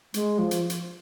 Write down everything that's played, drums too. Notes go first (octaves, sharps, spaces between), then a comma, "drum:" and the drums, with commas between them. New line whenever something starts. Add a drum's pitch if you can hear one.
G#3, drum: hi-hat
F3
drum: hi-hat
drum: hi-hat